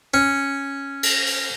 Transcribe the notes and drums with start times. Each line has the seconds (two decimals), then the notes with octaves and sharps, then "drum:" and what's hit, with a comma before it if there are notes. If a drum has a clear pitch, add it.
0.14 C#4
1.03 drum: cymbal
1.26 drum: open hi-hat